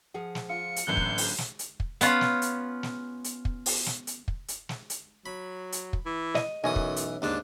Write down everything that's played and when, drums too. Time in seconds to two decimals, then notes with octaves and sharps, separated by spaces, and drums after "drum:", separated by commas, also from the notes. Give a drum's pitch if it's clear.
0.14 F3 G#4 F#5
0.35 drum: snare
0.49 F4 C#7
0.76 drum: hi-hat
0.87 A1 D3 E3 F#3 A#3 F#6 G6
0.97 drum: kick
1.18 drum: open hi-hat
1.38 drum: snare
1.59 drum: hi-hat
1.80 drum: kick
2.01 B3 C#4 F4, drum: hi-hat
2.21 drum: snare
2.42 drum: hi-hat
2.83 drum: snare
3.24 drum: hi-hat
3.45 drum: kick
3.66 drum: open hi-hat
3.86 drum: snare
4.07 drum: hi-hat
4.28 drum: kick
4.48 drum: hi-hat
4.69 drum: snare
4.90 drum: hi-hat
5.26 F#3 B5
5.72 drum: hi-hat
5.93 drum: kick
6.06 E3
6.35 D#5, drum: snare
6.64 B1 F#2 E3 C#4 D#5 G#5 D#6
6.76 drum: kick
6.96 drum: hi-hat
7.22 D#2 G#2 D4 A5